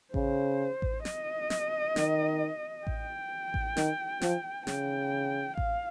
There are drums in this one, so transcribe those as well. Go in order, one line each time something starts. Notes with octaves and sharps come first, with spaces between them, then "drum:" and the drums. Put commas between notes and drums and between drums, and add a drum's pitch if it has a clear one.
C#3 C5, drum: kick A1
drum: kick A1
D#5, drum: snare
drum: snare
D#3, drum: snare
G5, drum: kick A1
drum: kick A1
D#3, drum: snare
F3, drum: snare
C#3 G5, drum: snare
F5, drum: kick A1